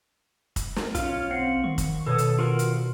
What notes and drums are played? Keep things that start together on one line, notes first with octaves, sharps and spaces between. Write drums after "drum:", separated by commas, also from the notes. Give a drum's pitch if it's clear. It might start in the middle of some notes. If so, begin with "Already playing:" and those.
drum: kick, hi-hat
drum: snare
B1 C#4 F4, drum: hi-hat
C4 F5 F#5
D#3 C#6
drum: kick, hi-hat
B2 A4 C#5 D#6
drum: hi-hat
F4 F#4 A#4
drum: hi-hat